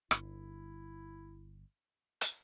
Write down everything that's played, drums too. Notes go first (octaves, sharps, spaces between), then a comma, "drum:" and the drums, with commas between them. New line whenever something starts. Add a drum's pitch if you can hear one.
G1 E4, drum: rim click
drum: hi-hat